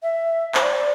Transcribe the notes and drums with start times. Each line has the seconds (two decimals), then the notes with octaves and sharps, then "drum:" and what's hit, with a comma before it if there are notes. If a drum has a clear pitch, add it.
0.03 E5
0.55 C5, drum: clap
0.63 D5